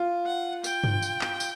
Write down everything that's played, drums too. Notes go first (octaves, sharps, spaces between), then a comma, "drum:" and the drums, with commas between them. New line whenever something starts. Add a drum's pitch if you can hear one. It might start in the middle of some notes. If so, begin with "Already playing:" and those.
Already playing: F4
F#5
G5, drum: tambourine
drum: tom G2
drum: tambourine
drum: clap
drum: tambourine